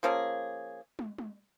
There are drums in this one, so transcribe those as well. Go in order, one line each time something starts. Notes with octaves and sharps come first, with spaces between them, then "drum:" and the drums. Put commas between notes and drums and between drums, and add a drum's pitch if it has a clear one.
F3 A#3 C#4 G#4
drum: tom
drum: tom